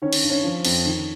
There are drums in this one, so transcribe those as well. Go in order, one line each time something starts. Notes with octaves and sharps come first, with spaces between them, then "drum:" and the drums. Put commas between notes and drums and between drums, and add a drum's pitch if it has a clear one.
D#3 C#4
drum: cymbal
G2
C#4
F3
F2, drum: cymbal
D#3